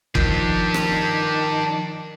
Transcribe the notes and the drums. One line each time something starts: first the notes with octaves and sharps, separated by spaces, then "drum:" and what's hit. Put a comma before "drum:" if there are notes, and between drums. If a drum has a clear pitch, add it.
D#3 F3 D4 G4 G6, drum: kick G1
drum: rim click